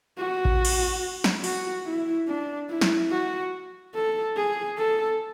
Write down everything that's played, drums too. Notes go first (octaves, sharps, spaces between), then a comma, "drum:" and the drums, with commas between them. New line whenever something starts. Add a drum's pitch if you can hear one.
F#4
drum: kick A1
drum: cymbal
drum: snare
F#4, drum: open hi-hat
E4
D4
E4
drum: snare
F#4
A4
G#4
A4